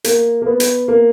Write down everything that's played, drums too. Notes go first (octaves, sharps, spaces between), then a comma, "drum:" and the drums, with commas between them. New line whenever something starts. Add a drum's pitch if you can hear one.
A#3, drum: hi-hat
A#3
B3
drum: hi-hat
A#3